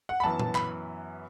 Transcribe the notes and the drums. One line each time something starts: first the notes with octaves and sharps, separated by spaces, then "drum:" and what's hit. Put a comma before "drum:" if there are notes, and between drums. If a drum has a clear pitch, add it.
F#5
B5
F#2 E3 B3 A5
drum: tom A#2
B5, drum: clap